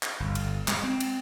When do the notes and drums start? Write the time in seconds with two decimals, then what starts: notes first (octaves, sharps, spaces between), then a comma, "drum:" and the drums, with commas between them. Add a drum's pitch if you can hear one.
0.03 drum: clap
0.20 G1
0.35 drum: cymbal
0.68 G#3, drum: clap
0.84 C4
1.00 drum: cymbal